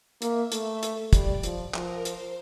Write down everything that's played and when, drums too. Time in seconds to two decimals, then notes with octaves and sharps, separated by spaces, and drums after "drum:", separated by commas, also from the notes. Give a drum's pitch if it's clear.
0.22 A#3 E5, drum: hi-hat
0.52 A3, drum: hi-hat
0.83 drum: hi-hat
1.13 G3 D5, drum: kick, hi-hat
1.43 F3, drum: hi-hat
1.74 F3 A#4, drum: clap
2.05 C5, drum: hi-hat